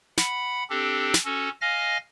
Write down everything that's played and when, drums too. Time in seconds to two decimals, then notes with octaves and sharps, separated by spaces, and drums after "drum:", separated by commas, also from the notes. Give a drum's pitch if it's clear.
0.17 F#5 B5, drum: snare
0.70 C4 D4 G4 A4
1.14 drum: snare
1.25 C#4 F#4 A4
1.61 D#5 F5 G#5 F6 A#6